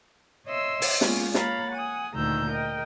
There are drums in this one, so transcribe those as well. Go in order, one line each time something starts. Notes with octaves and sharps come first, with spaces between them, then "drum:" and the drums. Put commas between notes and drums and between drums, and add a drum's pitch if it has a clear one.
C#5 D#5 E5 C6 E6
drum: open hi-hat
G#3 A#3 B3 C#4 F4 G#4, drum: snare
A#3 C#5 F5 A#5 B5 A6, drum: snare
F#5 G#5 D#6
D2 A#2 D#3 A#5 E6 G6
A#4 D#5 G5